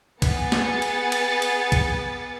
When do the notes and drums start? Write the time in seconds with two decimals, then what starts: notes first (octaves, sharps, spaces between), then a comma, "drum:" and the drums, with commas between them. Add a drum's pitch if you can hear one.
0.22 B3 G#4 A6 C#7, drum: kick, cymbal
0.52 drum: snare
0.82 drum: cymbal
1.12 drum: cymbal
1.42 drum: cymbal
1.72 drum: kick, cymbal